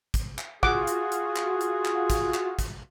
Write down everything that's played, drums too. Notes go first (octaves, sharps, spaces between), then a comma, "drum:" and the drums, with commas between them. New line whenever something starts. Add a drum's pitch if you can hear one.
drum: kick, hi-hat
drum: clap
F4 F#4 G#4 F#5 D6, drum: kick
drum: hi-hat
drum: hi-hat
drum: clap
drum: hi-hat
drum: clap
drum: kick, hi-hat
drum: clap
drum: kick, hi-hat